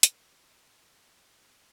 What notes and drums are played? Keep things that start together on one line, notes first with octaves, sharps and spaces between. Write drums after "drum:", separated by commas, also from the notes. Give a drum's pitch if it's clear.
C#4 E5 A5 C#6 E6, drum: hi-hat